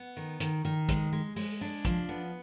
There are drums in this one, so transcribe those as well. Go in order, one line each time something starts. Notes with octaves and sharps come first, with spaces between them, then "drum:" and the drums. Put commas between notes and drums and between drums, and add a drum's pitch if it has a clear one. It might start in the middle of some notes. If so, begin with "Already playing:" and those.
Already playing: B3
D#3
D#3, drum: hi-hat
D#3
G#3, drum: kick, hi-hat
G#3
G#3, drum: open hi-hat
D4
F3, drum: kick, hi-hat
B3